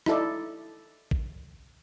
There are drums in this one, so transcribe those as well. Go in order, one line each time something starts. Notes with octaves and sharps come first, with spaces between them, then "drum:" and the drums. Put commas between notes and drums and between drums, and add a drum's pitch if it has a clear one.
D#4 E4 A4 D5, drum: rim click
drum: kick A1